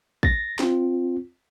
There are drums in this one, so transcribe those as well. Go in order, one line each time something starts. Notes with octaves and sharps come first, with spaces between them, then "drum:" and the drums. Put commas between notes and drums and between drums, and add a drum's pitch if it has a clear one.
A6 A#6, drum: kick
C4 F4, drum: snare